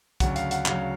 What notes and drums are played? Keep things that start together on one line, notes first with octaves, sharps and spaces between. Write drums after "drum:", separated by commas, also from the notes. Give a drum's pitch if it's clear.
D2 C#3 F#3 F#5, drum: kick, hi-hat
F5, drum: hi-hat
F#5, drum: hi-hat
D2 C#3 F#3 F5, drum: clap